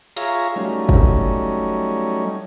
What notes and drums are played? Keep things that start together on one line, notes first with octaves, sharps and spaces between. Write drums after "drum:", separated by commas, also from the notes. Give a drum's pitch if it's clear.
F4 G#4 C#5 E5 F5 A#5, drum: hi-hat
F#3 G3 A3 C#4 D#4
drum: kick